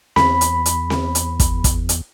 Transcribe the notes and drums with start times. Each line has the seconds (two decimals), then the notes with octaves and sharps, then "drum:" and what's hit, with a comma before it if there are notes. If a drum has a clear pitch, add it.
0.16 E2 B5, drum: snare C4
0.41 drum: hi-hat
0.66 drum: hi-hat
0.90 drum: snare C4
1.15 drum: hi-hat
1.40 drum: kick, hi-hat
1.64 drum: kick, hi-hat
1.89 drum: hi-hat